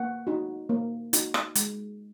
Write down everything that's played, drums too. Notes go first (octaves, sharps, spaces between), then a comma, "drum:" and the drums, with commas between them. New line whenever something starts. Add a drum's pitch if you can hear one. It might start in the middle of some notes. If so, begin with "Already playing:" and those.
Already playing: A#3 F#5
D#4 F#4
A#3
D#4 F#4, drum: hi-hat
drum: rim click
G#3, drum: hi-hat